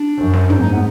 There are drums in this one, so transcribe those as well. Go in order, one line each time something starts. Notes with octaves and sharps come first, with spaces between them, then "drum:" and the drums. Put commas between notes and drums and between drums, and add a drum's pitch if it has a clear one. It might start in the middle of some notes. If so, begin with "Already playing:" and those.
Already playing: D4
F#2
drum: snare
G#2 D#4, drum: tom
D#4
B3